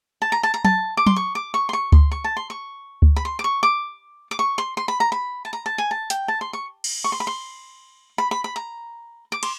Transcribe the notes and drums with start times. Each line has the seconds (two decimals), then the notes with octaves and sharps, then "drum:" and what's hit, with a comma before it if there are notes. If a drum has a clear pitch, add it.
0.22 A5
0.32 A#5
0.43 A5
0.54 A#5
0.65 A5, drum: tom
0.97 D6
1.06 C6, drum: tom
1.16 C#6
1.35 D6
1.54 C#6
1.69 C6
1.73 C#6
1.92 C6, drum: kick D2
2.12 C#6
2.24 A5
2.37 C6
2.50 C#6
3.02 drum: kick D2
3.16 B5
3.25 C6
3.39 D6
3.44 C#6
3.63 D6
4.31 D6
4.39 C#6
4.58 C6
4.77 C6
4.88 B5
5.00 A#5
5.12 B5
5.45 A5
5.53 A#5
5.66 A5
5.78 G#5
5.91 A5
6.10 G5, drum: hi-hat
6.28 A5
6.41 C6
6.53 C#6
6.84 drum: cymbal
7.04 C#6
7.12 C6
7.20 B5
7.27 C6
8.18 B5
8.31 B5
8.44 B5
8.56 A#5
9.32 D6
9.43 C6, drum: cymbal